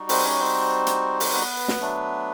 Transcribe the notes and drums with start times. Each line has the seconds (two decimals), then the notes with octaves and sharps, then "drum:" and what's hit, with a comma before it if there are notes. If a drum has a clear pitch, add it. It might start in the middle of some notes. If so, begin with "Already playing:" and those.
Already playing: G3 D#4 F#4
0.09 C4 C5, drum: open hi-hat
0.24 C#4 C#5
0.40 C4 C5
0.87 drum: hi-hat
1.20 drum: open hi-hat
1.33 B3 B4
1.68 drum: snare
1.81 F#3 A3 D4